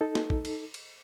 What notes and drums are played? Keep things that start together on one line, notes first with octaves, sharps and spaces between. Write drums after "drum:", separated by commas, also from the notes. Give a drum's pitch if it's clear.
D#4 A4
drum: snare
drum: kick
drum: cymbal
drum: cymbal